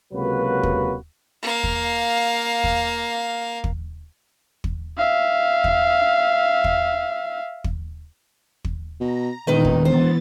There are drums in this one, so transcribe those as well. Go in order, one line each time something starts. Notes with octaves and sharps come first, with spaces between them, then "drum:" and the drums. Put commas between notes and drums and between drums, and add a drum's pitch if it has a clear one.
C#2 C3 F#3 A#3 F#4 B4
drum: kick
A#3 F5
drum: kick
drum: kick
drum: kick
drum: kick
E5 F5
drum: kick
drum: kick
drum: kick
drum: kick
B2 A#5
E1 A#2 D#3 D#4 B4 D#5
drum: kick
E3 B3 C5 A6